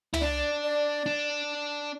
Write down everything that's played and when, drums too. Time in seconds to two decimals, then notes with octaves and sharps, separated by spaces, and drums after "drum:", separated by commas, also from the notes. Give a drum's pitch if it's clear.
0.14 E4, drum: tom
0.21 D4 D5
0.64 D5
1.06 D4